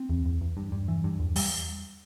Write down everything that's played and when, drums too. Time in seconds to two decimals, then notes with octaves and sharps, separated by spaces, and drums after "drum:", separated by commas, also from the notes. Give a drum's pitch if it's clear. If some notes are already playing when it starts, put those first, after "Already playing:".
Already playing: C4
0.09 E2
0.26 E2
0.41 E2
0.57 G2
0.72 G2
0.88 E3
1.04 G2
1.20 E2
1.36 G3, drum: open hi-hat